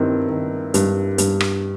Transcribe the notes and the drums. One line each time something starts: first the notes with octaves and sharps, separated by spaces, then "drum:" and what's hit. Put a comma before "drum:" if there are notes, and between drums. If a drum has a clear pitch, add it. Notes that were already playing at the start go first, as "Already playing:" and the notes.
Already playing: G2 D#3 C4 E4
D#3
G2, drum: hi-hat
G2, drum: hi-hat
drum: rim click